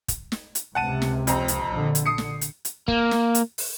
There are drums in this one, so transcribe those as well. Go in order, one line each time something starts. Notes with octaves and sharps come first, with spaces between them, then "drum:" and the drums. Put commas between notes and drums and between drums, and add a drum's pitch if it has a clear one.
drum: kick, hi-hat
drum: snare
drum: hi-hat
C#2 C3 F#5 A5 D#7
drum: snare
F2 C4 A#5, drum: hi-hat
drum: hi-hat
A#1 D3
drum: hi-hat
D#6 C7 C#7
drum: snare
drum: hi-hat
drum: hi-hat
A#3, drum: kick
drum: snare
drum: hi-hat
drum: open hi-hat